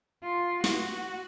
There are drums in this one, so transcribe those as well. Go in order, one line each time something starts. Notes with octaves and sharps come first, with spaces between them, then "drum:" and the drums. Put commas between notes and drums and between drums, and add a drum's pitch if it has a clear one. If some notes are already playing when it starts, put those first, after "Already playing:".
F4
F#4, drum: snare